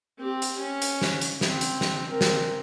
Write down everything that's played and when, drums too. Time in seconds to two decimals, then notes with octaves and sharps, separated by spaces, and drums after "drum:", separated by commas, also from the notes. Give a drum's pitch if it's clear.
0.19 C4 G4
0.42 drum: hi-hat
0.59 C#4
0.82 drum: hi-hat
1.02 drum: snare
1.21 drum: hi-hat
1.41 C4, drum: snare
1.61 drum: hi-hat
1.81 drum: snare
2.07 C4 A#4
2.21 drum: snare